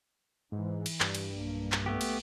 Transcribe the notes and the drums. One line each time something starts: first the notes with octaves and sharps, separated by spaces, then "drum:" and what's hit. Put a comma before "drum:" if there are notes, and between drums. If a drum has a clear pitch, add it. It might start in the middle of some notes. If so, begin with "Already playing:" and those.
G#2 E3
drum: cymbal
G2, drum: clap
drum: cymbal
B1 A#3
drum: clap
A3 B3 G4
drum: cymbal